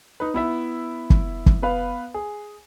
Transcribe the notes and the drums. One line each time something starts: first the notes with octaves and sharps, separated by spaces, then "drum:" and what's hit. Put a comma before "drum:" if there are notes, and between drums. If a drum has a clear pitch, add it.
D#4 B4
B3 E4 E5
drum: kick
drum: kick
B3 B4 F5
G#4